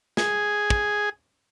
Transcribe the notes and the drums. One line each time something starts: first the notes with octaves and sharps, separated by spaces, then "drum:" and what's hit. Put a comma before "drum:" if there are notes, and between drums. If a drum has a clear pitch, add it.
G#4, drum: snare
drum: kick